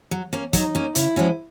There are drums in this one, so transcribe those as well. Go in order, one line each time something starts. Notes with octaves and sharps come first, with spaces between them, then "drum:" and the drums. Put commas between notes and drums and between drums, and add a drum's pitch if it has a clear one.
F#3
A#3 C#4
F#3 D#4, drum: kick, hi-hat
A#3 C#4
C#3 E4, drum: hi-hat
F3 G#3 C#4 F#4